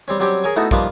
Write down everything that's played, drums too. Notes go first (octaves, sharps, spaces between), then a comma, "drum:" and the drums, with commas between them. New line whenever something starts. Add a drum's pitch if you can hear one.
G3 C4 C#4
F#3 G3 C4 C#4 G4
G#4 A#4 C#5 G#5
A3 B3 D#4 E4 F#4 A4
D#3 F3 G3 A#3 B4 A5, drum: kick